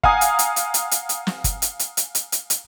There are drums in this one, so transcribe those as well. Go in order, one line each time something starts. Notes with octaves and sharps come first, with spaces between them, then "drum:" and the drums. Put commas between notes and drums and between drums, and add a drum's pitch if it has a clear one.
F5 F#5 G#5 A#5 D#6, drum: kick
drum: hi-hat
drum: hi-hat
drum: hi-hat
drum: hi-hat
drum: hi-hat
drum: hi-hat
drum: snare
drum: kick, hi-hat
drum: hi-hat
drum: hi-hat
drum: hi-hat
drum: hi-hat
drum: hi-hat
drum: hi-hat